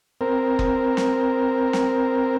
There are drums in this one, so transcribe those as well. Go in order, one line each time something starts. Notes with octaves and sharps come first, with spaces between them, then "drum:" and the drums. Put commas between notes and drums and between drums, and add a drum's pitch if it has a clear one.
C4 A#4
drum: kick F#1
drum: snare
drum: snare